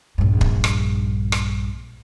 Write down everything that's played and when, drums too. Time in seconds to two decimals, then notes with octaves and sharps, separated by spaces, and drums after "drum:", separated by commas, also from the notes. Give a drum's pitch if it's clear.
0.18 A#1 G2
0.41 drum: kick
0.64 drum: rim click
1.32 drum: rim click